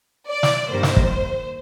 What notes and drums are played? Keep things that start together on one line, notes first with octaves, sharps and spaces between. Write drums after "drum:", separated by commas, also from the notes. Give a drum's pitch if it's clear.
D5
drum: snare
G2 D#3 G3 A#3 C5
drum: snare
drum: kick